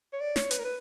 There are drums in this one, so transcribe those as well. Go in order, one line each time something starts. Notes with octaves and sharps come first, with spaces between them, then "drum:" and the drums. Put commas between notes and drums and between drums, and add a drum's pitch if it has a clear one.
C#5
D5
C#5, drum: snare
B4, drum: hi-hat
A#4
B4